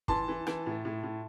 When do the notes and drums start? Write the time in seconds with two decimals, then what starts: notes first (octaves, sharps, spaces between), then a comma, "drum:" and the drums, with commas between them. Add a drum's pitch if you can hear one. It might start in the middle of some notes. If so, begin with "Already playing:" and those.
0.08 E3 A5 C6, drum: kick
0.28 E3
0.47 E3, drum: rim click
0.66 A2
0.85 A2
1.03 A2